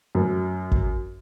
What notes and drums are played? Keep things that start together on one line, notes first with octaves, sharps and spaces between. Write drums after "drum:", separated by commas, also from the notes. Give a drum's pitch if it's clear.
F#2
drum: kick